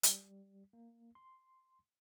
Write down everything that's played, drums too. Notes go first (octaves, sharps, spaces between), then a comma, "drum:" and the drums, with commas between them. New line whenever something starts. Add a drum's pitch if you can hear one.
G3, drum: hi-hat
A#3
C6